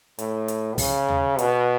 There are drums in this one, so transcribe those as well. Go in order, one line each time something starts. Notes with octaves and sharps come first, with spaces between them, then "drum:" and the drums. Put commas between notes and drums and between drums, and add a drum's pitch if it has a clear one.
A2, drum: hi-hat
drum: hi-hat
C#3, drum: kick, open hi-hat
drum: tom D#2
B2, drum: hi-hat